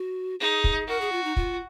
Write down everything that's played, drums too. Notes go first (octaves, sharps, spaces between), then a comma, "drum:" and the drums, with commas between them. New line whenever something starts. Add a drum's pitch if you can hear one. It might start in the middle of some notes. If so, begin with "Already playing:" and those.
Already playing: F#4
D#4 G#4
drum: kick
F#4 A#4
G#4
F4
D#4
F4, drum: kick